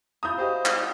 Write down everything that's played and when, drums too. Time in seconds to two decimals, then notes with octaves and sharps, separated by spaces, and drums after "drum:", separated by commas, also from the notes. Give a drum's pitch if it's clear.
0.23 E4 F4 G#4 D5 A#5 B5 D#6 G6
0.38 F#4 G4 C5 D#5
0.65 drum: clap